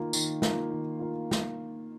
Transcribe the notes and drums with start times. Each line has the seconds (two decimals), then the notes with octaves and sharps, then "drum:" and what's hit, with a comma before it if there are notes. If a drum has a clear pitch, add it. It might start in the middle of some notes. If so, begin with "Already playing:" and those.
Already playing: D#3 A#3 F4
0.13 D#3, drum: tambourine
0.42 A#3 F4, drum: snare
0.71 D#3
0.99 A#3 F4
1.31 drum: snare